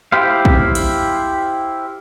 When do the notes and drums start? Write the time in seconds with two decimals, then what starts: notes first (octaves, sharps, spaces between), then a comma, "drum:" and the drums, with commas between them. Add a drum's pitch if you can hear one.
0.12 E4 G4 C5 F5
0.45 drum: kick
0.75 drum: cymbal